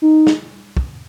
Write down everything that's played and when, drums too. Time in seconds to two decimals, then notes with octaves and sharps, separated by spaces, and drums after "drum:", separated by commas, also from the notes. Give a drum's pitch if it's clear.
0.02 D#4
0.27 drum: snare
0.77 drum: kick